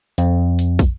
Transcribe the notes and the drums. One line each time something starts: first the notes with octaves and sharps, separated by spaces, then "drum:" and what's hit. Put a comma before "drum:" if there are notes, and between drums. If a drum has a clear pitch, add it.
F2, drum: hi-hat
drum: hi-hat
drum: kick, hi-hat